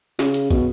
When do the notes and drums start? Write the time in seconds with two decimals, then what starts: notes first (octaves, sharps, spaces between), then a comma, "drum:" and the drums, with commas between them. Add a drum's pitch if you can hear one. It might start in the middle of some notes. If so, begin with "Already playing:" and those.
0.19 C#3, drum: snare
0.34 drum: hi-hat
0.50 B2, drum: kick, hi-hat